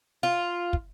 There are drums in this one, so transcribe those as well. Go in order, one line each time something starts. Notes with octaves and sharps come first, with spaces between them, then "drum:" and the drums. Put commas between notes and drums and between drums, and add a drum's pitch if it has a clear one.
F4
drum: kick